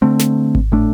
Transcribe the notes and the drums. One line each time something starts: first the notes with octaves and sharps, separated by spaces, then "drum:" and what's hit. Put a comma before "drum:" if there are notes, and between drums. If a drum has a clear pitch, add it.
D3 A3 C4
drum: snare
drum: kick G#1
A2 A3 D4